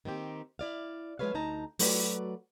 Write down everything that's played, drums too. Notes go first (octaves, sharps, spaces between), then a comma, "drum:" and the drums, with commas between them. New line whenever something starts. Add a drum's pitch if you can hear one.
D#3 A#3 C4 G4
E4 D5 F5
F3 G#3 B3 B4 C#5 F5
D2 D#4 A5 A#5
F#3 A3 F#4 B4 C#5 D5, drum: open hi-hat